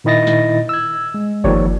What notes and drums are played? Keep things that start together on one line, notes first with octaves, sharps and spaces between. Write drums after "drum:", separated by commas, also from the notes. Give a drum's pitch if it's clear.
A#2 D#3 E4 D#5 A6 A#6
drum: snare
E6 G#6
G#3
D#3 F3 A#3 G4 C#5 D5, drum: kick G1